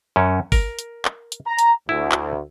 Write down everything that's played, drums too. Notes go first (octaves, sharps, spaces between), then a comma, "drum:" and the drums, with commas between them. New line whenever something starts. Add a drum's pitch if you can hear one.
F#2 C#4
A#4, drum: kick, open hi-hat
drum: hi-hat
drum: clap
drum: hi-hat
A#5
drum: hi-hat
D2 E4
drum: clap